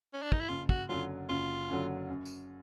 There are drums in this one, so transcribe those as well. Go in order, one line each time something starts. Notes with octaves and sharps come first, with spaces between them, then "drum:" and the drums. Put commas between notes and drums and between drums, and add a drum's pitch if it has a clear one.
C#4
D4
D#4, drum: kick
E4
F#1 F4
F#4, drum: kick
F#2 D3 F#3 F4
F#1 F4
F#2 D3 F#3
F#2
drum: tambourine